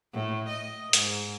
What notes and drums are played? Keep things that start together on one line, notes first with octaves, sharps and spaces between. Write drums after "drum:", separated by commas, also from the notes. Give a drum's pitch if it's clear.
A2
D#5
G#2, drum: hi-hat